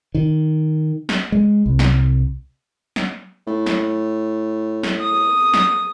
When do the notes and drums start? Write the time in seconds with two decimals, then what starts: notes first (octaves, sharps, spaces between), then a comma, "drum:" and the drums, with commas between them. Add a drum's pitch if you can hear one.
0.15 D#3
1.09 drum: snare
1.32 G#3
1.66 C2
1.79 drum: snare
2.96 drum: snare
3.47 A2
3.66 drum: snare
4.83 drum: snare
5.01 D#6
5.54 drum: snare